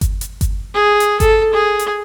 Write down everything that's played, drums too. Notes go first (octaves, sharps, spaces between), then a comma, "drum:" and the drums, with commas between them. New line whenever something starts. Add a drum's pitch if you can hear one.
drum: kick G1, hi-hat
drum: hi-hat
drum: kick G1, hi-hat
G#4
drum: hi-hat
A4, drum: kick G1, hi-hat
G#4
drum: hi-hat